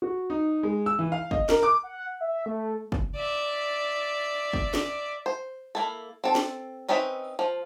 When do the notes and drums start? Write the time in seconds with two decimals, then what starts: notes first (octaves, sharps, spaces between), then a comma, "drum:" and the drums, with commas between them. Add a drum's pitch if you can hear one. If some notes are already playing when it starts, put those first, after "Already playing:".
0.02 F#4
0.30 D#4
0.63 G#3
0.86 E6
0.99 E3
1.12 F5
1.31 D#5, drum: kick
1.49 A#4, drum: snare
1.63 D6
1.83 F#5
2.21 E5
2.46 A3
2.92 drum: kick
3.16 D5 E5
4.53 drum: kick
4.74 drum: snare
5.26 C5
5.75 A#3 E4 A4
6.24 C4 A4
6.35 drum: snare
6.89 C4 C#4 D#4 B4 E5
7.39 F3